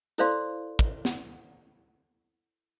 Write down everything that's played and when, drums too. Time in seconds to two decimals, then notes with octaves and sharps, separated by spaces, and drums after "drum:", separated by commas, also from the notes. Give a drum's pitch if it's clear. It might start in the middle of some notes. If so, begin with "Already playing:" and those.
0.18 E4 A4 C5 D5 F5 C6, drum: hi-hat
0.79 drum: kick
1.05 drum: snare